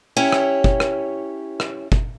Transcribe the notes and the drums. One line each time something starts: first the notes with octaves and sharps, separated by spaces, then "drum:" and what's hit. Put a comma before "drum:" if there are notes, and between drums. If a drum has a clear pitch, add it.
C#4 E4 G4 C#5
drum: rim click
drum: kick
drum: rim click
drum: rim click
drum: kick